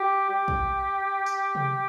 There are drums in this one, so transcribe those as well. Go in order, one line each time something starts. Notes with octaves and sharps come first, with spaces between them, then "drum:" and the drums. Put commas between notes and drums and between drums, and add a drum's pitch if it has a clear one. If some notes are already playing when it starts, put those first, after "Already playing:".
Already playing: G4
G4
drum: kick
drum: tambourine
drum: tom C3